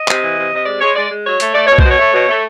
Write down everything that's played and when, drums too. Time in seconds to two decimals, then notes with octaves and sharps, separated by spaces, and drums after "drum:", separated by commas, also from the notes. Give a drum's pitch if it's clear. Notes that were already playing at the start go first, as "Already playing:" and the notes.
Already playing: D#5
0.08 C3, drum: clap
0.22 E3
0.37 C3
0.52 C3 D#5
0.66 G#3 D5
0.81 G#3 C#5
0.96 G#3 D5
1.10 G#3
1.25 F#3 C#5
1.40 A3, drum: hi-hat
1.54 A3 D5
1.67 B2 C#5
1.78 C5, drum: kick B1
1.84 B2
1.90 C#5
1.99 A3
2.13 B2
2.28 A3